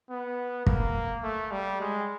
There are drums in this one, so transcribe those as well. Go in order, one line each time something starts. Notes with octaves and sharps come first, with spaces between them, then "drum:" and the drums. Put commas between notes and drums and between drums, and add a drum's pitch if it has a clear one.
B3
A#3, drum: kick
A3
G3
G#3